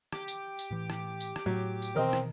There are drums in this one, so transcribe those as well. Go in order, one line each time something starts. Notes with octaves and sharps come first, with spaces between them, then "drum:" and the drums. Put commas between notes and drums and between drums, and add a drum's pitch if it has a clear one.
G4 D6, drum: rim click
drum: tambourine
drum: tambourine
A2 E3
drum: rim click
drum: tambourine
drum: rim click
A2 F#3
drum: tambourine
B2 D#3 E3 C4 A#4 D#5
drum: rim click